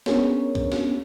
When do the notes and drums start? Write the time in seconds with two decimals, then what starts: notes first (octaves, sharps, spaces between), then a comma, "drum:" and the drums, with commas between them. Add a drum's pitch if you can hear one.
0.06 B3 C#4 D4 G#4 A#4 C#5, drum: snare
0.55 drum: kick
0.72 drum: snare